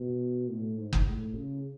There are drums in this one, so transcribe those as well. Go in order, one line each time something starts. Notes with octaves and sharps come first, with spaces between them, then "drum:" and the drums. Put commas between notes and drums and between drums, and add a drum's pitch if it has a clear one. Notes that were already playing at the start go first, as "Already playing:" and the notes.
Already playing: B2
A2
G#2
drum: kick F#1
A2
C#3